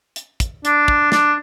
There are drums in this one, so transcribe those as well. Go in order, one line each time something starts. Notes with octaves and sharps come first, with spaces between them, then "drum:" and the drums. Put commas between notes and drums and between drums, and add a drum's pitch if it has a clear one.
drum: hi-hat
drum: kick, hi-hat
D4, drum: hi-hat
drum: kick
D4, drum: snare